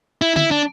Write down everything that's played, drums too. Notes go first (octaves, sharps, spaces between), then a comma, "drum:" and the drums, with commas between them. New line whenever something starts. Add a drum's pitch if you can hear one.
E4
E4, drum: tom D3
D4